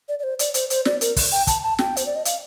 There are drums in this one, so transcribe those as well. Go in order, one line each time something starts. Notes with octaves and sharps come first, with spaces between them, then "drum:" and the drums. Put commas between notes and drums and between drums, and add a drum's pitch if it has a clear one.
D5
D5
C5
D5, drum: hi-hat
C5, drum: hi-hat
C5, drum: hi-hat
D5, drum: snare
A#4, drum: hi-hat
drum: kick, open hi-hat
G5
A5, drum: kick, hi-hat
A5
G5, drum: snare
C5, drum: hi-hat
D5
D#5
F5, drum: hi-hat